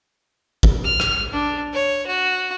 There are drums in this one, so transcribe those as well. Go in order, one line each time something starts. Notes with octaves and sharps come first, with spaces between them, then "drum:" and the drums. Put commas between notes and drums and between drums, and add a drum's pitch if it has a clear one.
drum: kick
F6
drum: rim click
D4
C#5
F#4